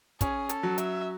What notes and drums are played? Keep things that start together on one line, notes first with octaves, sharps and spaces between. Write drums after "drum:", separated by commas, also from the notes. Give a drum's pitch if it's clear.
C#4 G#4, drum: kick, hi-hat
A4, drum: hi-hat
F#3
E5, drum: hi-hat